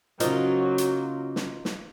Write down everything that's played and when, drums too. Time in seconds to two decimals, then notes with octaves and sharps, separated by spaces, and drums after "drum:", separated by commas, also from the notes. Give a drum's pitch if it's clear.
0.20 C#3 F#3 A#3 D#4 F4 C5, drum: hi-hat
0.78 drum: hi-hat
1.36 drum: snare
1.65 drum: snare